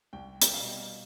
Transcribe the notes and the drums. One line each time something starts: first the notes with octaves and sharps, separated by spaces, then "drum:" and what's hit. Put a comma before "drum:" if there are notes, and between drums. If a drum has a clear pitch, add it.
C2 G5
G5, drum: hi-hat
B2 G3 F5